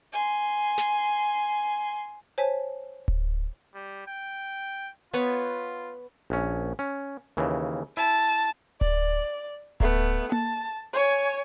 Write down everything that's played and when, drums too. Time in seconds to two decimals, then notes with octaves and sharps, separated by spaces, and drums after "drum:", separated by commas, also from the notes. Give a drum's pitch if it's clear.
0.13 G#5 C6
0.78 drum: snare
2.38 C5 C#5 G#5 A5 B6
3.08 drum: kick D1
3.75 G3
4.07 G5
5.13 B3 F4 B4 C#5
6.30 A#1 C#4
6.79 C#4
7.37 D#2 C#3 E3
7.97 E4 A5
8.81 D5, drum: kick D1
9.80 A3 B3, drum: kick D1
10.13 drum: hi-hat
10.32 A5, drum: tom A#3
10.93 C#5 G#5